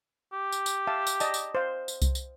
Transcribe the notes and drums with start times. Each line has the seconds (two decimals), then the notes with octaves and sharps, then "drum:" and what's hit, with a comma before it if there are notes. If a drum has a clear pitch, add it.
0.33 G4
0.52 drum: tambourine
0.66 drum: tambourine
0.87 E5 F5 A5
1.07 drum: tambourine
1.20 D5 D#5 A5, drum: tambourine
1.34 drum: tambourine
1.55 C5 F5
1.88 drum: tambourine
2.02 drum: kick C2, tambourine
2.15 drum: tambourine